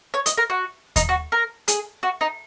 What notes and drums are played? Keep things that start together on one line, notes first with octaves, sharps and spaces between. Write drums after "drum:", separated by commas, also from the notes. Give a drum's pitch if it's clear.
C#5
D#5, drum: hi-hat
A#4
F#4
D#4, drum: kick D#2, hi-hat
F#4
A#4
G#4, drum: hi-hat
F#4
D#4